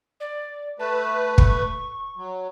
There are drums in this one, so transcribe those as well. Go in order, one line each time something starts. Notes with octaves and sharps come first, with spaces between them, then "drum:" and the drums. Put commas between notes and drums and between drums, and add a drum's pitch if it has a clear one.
D5
A3 B4 A5
C#6, drum: kick
F#3